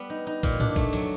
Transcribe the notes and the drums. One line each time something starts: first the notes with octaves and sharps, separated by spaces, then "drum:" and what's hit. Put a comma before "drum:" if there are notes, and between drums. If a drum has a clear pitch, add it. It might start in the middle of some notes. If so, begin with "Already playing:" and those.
Already playing: G3 B3
D#4
D#4
A#2, drum: kick, cymbal
D4, drum: tom G#2
A3, drum: kick, cymbal
F#3, drum: cymbal